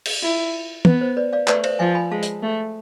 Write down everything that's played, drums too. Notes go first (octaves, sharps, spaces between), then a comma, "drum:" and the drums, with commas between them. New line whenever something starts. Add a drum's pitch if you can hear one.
drum: cymbal
E4 F4
B3 B4, drum: tom
C5
B4 D5
D5 F5
A3 B4 D5, drum: clap
C5 E5, drum: cymbal
F3 E5 G#5
G#5 B5
G#3 F5 A5
drum: hi-hat
A3